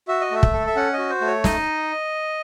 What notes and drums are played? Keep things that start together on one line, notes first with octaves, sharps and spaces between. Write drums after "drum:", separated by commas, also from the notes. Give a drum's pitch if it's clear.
F#4 E5
D#5
A3 E5
drum: kick
A4
E5
C#4 F#5
F#4 D#5
C5
A3
C#5
D#4 D#5, drum: snare